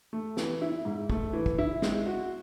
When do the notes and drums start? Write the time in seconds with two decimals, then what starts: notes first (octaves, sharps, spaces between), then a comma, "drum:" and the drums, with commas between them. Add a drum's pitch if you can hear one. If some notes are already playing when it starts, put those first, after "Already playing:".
0.13 A3
0.37 E3, drum: snare
0.61 E4
0.85 G#2
1.10 A3, drum: kick
1.33 E3
1.46 drum: kick
1.58 E4
1.82 G#3, drum: snare
2.06 F#4